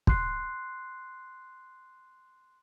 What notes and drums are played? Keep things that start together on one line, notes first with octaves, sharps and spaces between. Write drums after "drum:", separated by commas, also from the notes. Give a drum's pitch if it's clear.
C6 F#6 C7, drum: kick